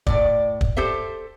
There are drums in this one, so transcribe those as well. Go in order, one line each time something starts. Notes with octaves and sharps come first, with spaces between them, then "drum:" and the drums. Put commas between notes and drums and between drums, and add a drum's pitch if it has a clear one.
A2 D5, drum: kick
drum: kick
G4 A4 C5 E5